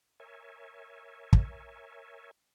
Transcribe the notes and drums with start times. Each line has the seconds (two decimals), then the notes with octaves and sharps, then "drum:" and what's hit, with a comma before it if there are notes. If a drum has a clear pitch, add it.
0.20 A#4 C#5 E5 G#5
1.33 drum: kick